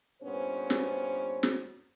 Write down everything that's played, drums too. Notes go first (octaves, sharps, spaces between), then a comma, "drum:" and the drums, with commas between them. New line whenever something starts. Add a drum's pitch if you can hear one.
G2 A#2 B3 C#4 C5
drum: snare
drum: snare